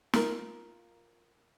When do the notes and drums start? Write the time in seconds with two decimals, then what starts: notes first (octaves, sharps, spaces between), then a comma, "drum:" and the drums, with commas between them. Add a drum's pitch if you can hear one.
0.14 F4 A#4, drum: snare